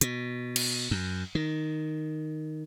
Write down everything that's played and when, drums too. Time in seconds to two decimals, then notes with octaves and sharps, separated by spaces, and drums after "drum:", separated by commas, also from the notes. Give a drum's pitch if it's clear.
0.01 B2, drum: hi-hat
0.56 drum: cymbal
0.91 F#2
1.35 D#3